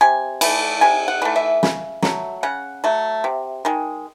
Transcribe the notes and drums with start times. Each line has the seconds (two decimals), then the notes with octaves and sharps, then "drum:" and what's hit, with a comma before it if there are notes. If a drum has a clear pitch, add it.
0.01 C3 G#5
0.41 E3 A3, drum: cymbal
0.81 C3 G#5
1.08 F#5
1.22 E3 A3
1.36 E5
1.63 C#3, drum: snare
2.02 F#3 A3, drum: snare
2.43 C#3 F#5
2.84 F#3 A3
3.24 C3
3.65 D#3 G#3